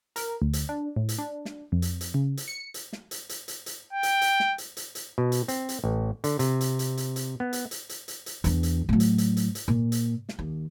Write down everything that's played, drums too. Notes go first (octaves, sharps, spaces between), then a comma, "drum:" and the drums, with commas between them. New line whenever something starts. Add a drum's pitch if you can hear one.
A#4, drum: hi-hat
D2
drum: hi-hat
D4
A2
drum: hi-hat
D4
drum: snare
F2
drum: hi-hat
drum: hi-hat
C#3
drum: hi-hat
C#7
drum: hi-hat
drum: snare
drum: hi-hat
drum: hi-hat
drum: hi-hat
drum: hi-hat
G5
drum: hi-hat
drum: hi-hat
drum: snare
drum: hi-hat
drum: hi-hat
drum: hi-hat
B2
drum: hi-hat
C4, drum: hi-hat
drum: hi-hat
A1
D3, drum: hi-hat
C3, drum: hi-hat
drum: hi-hat
drum: hi-hat
drum: hi-hat
drum: hi-hat
B3
drum: hi-hat
drum: hi-hat
drum: hi-hat
drum: hi-hat
drum: hi-hat
E2 D4, drum: hi-hat
drum: hi-hat
A2 F#3
drum: hi-hat
drum: hi-hat
drum: hi-hat
drum: hi-hat
A#2
drum: hi-hat
drum: snare
D#2